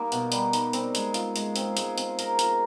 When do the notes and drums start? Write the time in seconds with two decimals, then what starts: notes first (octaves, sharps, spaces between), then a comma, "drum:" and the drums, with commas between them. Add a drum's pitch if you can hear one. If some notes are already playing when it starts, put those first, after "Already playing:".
Already playing: G3 A#3 D#4
0.12 B2, drum: hi-hat
0.32 G3, drum: hi-hat
0.53 D#4, drum: hi-hat
0.73 C4, drum: hi-hat
0.95 G#3, drum: hi-hat
1.14 F4, drum: hi-hat
1.36 G#3, drum: hi-hat
1.56 C4, drum: hi-hat
1.77 G#3, drum: hi-hat
1.98 C4, drum: hi-hat
2.19 A#4, drum: hi-hat
2.39 F4, drum: hi-hat